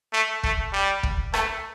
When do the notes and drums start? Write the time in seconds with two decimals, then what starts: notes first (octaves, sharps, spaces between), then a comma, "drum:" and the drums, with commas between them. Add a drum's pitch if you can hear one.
0.13 A3
0.43 A3, drum: kick
0.73 G3
1.03 drum: kick
1.34 A3, drum: rim click